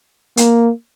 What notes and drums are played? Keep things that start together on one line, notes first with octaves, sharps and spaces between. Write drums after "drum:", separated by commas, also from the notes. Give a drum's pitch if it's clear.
A#3, drum: hi-hat